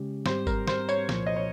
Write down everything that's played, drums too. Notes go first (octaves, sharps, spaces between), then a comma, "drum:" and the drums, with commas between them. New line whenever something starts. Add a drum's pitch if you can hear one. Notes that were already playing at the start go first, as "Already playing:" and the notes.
Already playing: C#3 G#3 C#4 G4
G#2 G3 C4 G4 C5, drum: snare
A#4, drum: kick G1, tambourine
C5, drum: snare
C#5, drum: tambourine
C2 A#2 F3, drum: snare
D#5
C#5